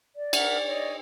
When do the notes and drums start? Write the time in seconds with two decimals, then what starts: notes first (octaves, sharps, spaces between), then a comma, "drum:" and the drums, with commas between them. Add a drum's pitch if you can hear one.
0.16 D5
0.33 A#4 E5 F#5, drum: cymbal
0.66 C#5 D#5